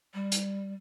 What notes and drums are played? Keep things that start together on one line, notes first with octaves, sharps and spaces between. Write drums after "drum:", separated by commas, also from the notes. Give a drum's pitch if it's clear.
G3
drum: hi-hat